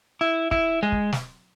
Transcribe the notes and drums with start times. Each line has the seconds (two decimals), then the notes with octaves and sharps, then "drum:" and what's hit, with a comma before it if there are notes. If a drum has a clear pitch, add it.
0.21 E4
0.51 E4, drum: kick
0.83 G#3
0.92 drum: kick
1.12 drum: snare